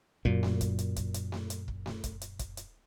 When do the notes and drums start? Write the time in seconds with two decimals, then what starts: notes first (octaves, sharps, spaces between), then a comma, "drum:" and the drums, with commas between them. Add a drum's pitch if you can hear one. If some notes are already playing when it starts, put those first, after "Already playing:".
0.25 F#2 A#2, drum: kick
0.43 drum: snare A3
0.61 drum: kick, hi-hat
0.79 drum: hi-hat
0.96 drum: kick, hi-hat
1.14 drum: hi-hat
1.32 drum: snare A3
1.50 drum: hi-hat
1.68 drum: kick
1.86 drum: snare A3
2.04 drum: kick, hi-hat
2.21 drum: hi-hat
2.39 drum: kick, hi-hat
2.57 drum: hi-hat